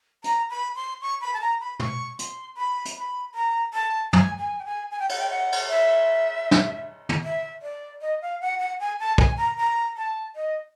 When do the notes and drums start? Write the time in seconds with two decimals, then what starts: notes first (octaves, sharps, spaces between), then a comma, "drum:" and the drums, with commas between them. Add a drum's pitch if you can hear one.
0.24 A#5, drum: hi-hat
0.50 B5
0.76 C6
1.01 C#6
1.21 B5
1.34 A5
1.41 A#5
1.60 B5
1.80 C#6, drum: tom
2.19 C6, drum: hi-hat
2.57 B5
2.85 drum: hi-hat
2.97 B5
3.35 A#5
3.74 A5
4.13 G#5, drum: tom
4.38 G#5
4.59 G5
4.65 G#5
4.91 G#5
5.00 G5
5.09 F#5, drum: cymbal
5.19 G5
5.30 F#5
5.52 drum: cymbal
5.69 E5
6.51 drum: snare
7.09 drum: tom
7.24 E5
7.62 D5
8.01 D#5
8.22 F5
8.41 F#5
8.60 F#5
8.80 G#5
9.00 A5
9.18 G#5, drum: kick
9.37 A#5
9.57 A#5
9.97 A5
10.36 D#5